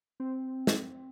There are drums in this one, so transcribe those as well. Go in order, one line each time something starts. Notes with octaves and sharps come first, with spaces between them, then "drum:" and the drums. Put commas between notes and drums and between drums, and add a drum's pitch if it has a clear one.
C4
drum: snare